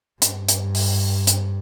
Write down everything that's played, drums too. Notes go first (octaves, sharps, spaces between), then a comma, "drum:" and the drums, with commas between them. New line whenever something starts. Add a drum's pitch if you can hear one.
G2, drum: hi-hat
drum: hi-hat
drum: open hi-hat
drum: hi-hat